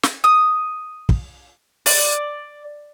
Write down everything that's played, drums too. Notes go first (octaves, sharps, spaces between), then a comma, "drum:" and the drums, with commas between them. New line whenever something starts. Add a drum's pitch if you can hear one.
drum: snare
D#6
drum: kick
D5, drum: open hi-hat